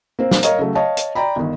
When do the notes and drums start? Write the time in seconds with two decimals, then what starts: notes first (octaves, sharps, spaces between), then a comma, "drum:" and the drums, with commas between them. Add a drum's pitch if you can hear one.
0.19 A#3 C4 C5
0.31 drum: snare
0.43 A#4 C#5 D#5 F5 A#5, drum: hi-hat
0.59 C#3 F#3 A3
0.75 C#5 D#5 F5 A5
0.97 drum: hi-hat
1.15 D5 G5 A#5 B5
1.36 G1 D#3